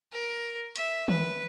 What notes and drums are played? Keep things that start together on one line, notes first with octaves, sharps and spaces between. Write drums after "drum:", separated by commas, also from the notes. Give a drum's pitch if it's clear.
A#4
E5, drum: hi-hat
B4, drum: tom D#3